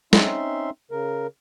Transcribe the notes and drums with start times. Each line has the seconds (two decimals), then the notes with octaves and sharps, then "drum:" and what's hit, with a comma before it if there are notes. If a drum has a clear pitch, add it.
0.13 C4 C#4 D#4 E5 C6, drum: snare
0.91 C#3 A#4